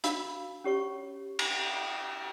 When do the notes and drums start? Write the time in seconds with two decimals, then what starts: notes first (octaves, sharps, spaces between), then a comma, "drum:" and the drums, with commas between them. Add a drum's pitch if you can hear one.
0.04 D4 F#4 F5 B5 E6, drum: hi-hat
0.64 C#4 G4 C#5 C#6
1.39 drum: cymbal